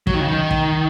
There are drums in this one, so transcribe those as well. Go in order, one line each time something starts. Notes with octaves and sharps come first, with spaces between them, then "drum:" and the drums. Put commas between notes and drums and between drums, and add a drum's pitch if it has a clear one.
F#3, drum: kick
D#3
C#3
D#3
drum: kick